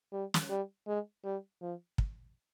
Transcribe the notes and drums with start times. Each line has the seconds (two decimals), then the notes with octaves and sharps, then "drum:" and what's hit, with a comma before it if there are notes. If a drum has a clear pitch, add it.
0.12 G3
0.34 drum: snare
0.50 G3
0.87 G#3
1.25 G3
1.62 F3
1.98 drum: kick